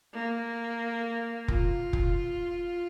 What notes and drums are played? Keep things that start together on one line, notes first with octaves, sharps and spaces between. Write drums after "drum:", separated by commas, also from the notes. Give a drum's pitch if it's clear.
A#3
F4, drum: kick F1
drum: kick F1